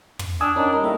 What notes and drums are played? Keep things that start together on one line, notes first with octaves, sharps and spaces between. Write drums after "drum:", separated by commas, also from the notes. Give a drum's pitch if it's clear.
drum: tom
D4 G5 G#5 D#6 E6
D#3 C#4 D4
G3 A#4 D#5
A2 A#3 D#5 E5 A5